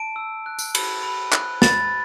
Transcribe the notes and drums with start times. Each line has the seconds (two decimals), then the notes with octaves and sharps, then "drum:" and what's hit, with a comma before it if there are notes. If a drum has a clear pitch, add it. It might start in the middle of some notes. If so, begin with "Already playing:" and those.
Already playing: A5 D7
0.16 E6
0.46 F#6
0.59 drum: tambourine
0.75 B5, drum: cymbal
1.03 B5
1.32 F#6, drum: clap
1.62 B5 A6, drum: snare